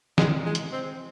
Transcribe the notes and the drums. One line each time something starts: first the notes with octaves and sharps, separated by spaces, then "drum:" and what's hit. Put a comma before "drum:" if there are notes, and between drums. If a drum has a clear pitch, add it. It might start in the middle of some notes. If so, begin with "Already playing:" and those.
G#3, drum: snare
G#3
drum: hi-hat
C4